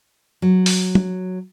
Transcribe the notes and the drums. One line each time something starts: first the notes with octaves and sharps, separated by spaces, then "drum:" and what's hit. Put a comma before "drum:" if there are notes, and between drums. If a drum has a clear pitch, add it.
F#3
drum: open hi-hat
drum: tom